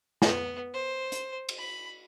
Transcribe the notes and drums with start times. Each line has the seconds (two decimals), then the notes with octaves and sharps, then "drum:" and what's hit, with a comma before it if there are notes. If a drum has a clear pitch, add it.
0.22 B3, drum: snare
0.74 C5
1.12 drum: hi-hat
1.49 drum: cymbal
1.58 B5